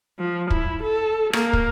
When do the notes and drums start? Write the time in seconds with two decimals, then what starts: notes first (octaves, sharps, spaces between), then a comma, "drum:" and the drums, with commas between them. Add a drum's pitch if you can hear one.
0.19 F3
0.50 E4, drum: kick
0.83 A4
1.33 A#3, drum: rim click
1.53 drum: kick